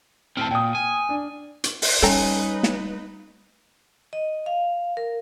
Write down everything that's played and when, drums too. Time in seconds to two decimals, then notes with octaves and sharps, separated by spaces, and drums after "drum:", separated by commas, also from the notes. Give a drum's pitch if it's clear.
0.37 A2 C4 A5 F6
0.51 A#2 G5 D#6
0.75 G#5
1.09 D4
1.64 drum: hi-hat
1.82 drum: open hi-hat
2.02 G3 C#4 D#4 A4 B4 G5 A#5
2.63 drum: snare
4.13 D#5
4.46 F5
4.97 A#4